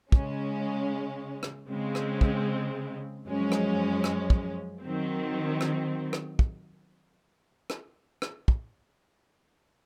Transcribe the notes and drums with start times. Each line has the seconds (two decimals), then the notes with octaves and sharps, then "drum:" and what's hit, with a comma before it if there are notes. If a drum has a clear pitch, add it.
0.12 C#3 G#3 C#4, drum: kick
1.43 drum: rim click
1.69 C#3 G#3 C4
1.95 drum: rim click
2.21 drum: kick
3.26 F#2 F3 G#3 C#4
3.52 drum: rim click
4.04 drum: rim click
4.30 drum: kick
4.82 D#3 F#3 C4
5.61 drum: rim click
6.13 drum: rim click
6.39 drum: kick
7.70 drum: rim click
8.22 drum: rim click
8.48 drum: kick